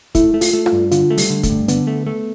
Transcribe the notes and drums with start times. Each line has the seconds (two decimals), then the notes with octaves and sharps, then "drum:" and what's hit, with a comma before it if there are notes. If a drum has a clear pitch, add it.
0.15 A3 E4, drum: kick, hi-hat
0.34 A3
0.41 F4, drum: open hi-hat
0.53 A3
0.66 F4, drum: rim click
0.72 G2
0.91 D3 F4, drum: hi-hat
1.10 A3
1.18 G3, drum: open hi-hat
1.30 D3
1.43 A3, drum: kick, hi-hat
1.49 G2
1.68 D3 B3, drum: hi-hat
1.87 A3
2.06 A3